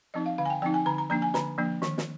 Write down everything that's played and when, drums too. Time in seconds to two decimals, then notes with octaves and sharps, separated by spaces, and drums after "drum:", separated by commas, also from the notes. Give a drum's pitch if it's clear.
0.14 F3 C4 D#4 D#5
0.26 F5
0.38 D3 F5
0.45 G#5
0.50 G5
0.62 F3 C4 D#4 G5
0.74 G#5
0.86 D3 A#5
0.98 A#5
1.10 F3 A#3 D4 A#5
1.22 G#5
1.34 D3 A#5, drum: snare
1.58 F3 A#3 D4
1.82 D#3, drum: snare
1.98 drum: snare